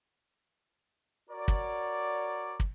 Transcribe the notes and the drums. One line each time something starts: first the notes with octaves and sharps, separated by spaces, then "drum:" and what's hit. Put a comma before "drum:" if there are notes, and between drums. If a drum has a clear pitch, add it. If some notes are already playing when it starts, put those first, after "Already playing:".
F#4 A#4 C#5 D5
drum: kick
drum: kick